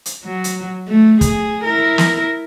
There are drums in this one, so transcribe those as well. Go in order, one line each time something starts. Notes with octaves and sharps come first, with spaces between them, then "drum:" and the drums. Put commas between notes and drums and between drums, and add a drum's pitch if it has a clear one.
drum: hi-hat
F#3
drum: hi-hat
A3
G#4, drum: kick, hi-hat
E4 A#4
drum: snare